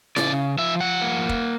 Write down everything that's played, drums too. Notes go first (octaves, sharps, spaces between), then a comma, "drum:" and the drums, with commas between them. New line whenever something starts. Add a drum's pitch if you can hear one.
C#3 D5, drum: snare E4
F3 E5
F#5
A#3
drum: kick